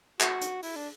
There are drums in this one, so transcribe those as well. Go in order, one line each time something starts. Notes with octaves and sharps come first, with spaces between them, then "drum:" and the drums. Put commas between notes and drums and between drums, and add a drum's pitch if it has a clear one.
F#4, drum: clap
drum: hi-hat
E4, drum: open hi-hat
D4